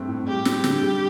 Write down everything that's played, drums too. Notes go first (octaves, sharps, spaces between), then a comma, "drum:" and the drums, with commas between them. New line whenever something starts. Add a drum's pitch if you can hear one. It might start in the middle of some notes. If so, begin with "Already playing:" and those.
Already playing: G2 A3 C4
A2
G3 G4
C4, drum: snare
D3, drum: snare
G3